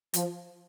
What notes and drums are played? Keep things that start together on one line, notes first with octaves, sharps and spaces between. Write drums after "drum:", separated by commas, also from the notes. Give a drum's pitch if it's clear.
F3, drum: hi-hat